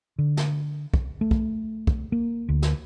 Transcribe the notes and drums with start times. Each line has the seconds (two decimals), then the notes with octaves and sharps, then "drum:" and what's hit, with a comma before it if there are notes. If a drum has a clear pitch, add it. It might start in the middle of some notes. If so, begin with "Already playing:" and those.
0.18 D3
0.37 drum: snare
0.94 drum: kick
1.21 A3
1.31 drum: kick
1.87 drum: kick
2.12 A#3
2.49 D2
2.62 drum: snare